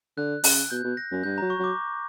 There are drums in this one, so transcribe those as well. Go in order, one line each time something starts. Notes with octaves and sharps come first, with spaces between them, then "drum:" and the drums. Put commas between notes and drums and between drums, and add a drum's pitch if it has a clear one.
D3 F#6
C#3 F#6, drum: open hi-hat
B2 G6
B2
A#6
F#2
G2 G6
F#3 A#5
C#6
F#3 D6